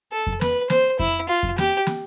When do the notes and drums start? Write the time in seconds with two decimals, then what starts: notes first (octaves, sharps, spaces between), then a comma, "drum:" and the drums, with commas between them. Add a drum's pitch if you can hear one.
0.12 A4
0.27 drum: kick F2
0.41 B4, drum: snare
0.70 C5, drum: snare
0.99 E4, drum: kick F2
1.29 F4
1.43 drum: kick F2
1.58 G4, drum: snare
1.87 drum: snare